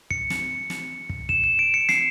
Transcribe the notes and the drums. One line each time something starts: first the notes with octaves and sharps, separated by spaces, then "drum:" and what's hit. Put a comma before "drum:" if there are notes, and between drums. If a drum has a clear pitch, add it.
C#7, drum: kick
drum: snare
drum: snare
drum: kick
E7, drum: kick
E7
D7
C#7
C7, drum: snare